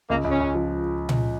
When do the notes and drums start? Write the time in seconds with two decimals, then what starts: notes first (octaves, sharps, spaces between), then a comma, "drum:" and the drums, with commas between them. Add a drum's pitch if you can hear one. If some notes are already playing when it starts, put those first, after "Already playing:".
0.09 C#2 A#3
0.24 C#2
0.30 C#4
0.40 C#2
0.55 F3
1.09 drum: tom A#2